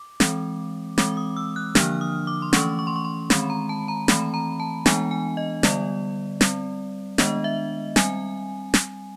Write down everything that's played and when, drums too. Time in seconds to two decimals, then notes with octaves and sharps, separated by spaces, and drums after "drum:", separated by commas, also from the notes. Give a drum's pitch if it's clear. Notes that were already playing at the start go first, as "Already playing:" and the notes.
Already playing: D6
0.20 E3 G#3 C4, drum: snare
0.98 E3 G#3 C4 D6, drum: snare
1.17 D#6
1.37 E6
1.56 F#6
1.75 D3 F3 A#3 D4 F6, drum: snare
2.01 D#6
2.27 D6
2.42 C6
2.53 E3 A3 C#4 C#6, drum: snare
2.79 C#6
2.87 C6
2.96 C#6
3.05 C6
3.30 D#3 G#3 C4 B5, drum: snare
3.50 A#5
3.69 A5
3.88 A#5
4.08 E3 A3 C4 B5, drum: snare
4.34 A#5
4.60 A5
4.86 E3 G#3 B3 D4 G#5, drum: snare
5.11 G#5
5.37 D#5
5.63 D3 G3 B3 D5, drum: snare
6.41 G3 C4, drum: snare
7.18 D#3 G#3 B3 D4 D#5, drum: snare
7.44 E5
7.96 G3 C4 G#5, drum: snare
8.74 drum: snare